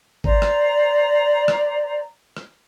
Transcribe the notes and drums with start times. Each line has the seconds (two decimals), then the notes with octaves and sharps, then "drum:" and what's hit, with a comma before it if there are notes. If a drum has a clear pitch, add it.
0.24 C5 D5 A#5, drum: kick G#1
0.42 drum: rim click
1.48 drum: rim click
2.37 drum: rim click